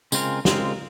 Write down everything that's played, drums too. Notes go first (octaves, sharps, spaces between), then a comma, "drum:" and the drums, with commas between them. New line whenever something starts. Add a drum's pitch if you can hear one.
C#3 G#3 C4 F4 A#4, drum: tambourine
C#3 G#3 C4 F4 A#4, drum: snare